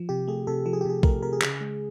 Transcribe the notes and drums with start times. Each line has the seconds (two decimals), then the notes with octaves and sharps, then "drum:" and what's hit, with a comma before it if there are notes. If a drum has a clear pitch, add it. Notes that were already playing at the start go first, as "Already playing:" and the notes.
Already playing: F3
0.09 C3 G4
0.27 A3 G#4
0.47 C3 A4
0.66 F3 A4
0.73 G#4
0.81 G4
0.85 C3 G#4
1.03 A3 A#4, drum: kick B1
1.22 C3 A#4
1.33 G#4
1.41 C#3, drum: clap
1.61 G#3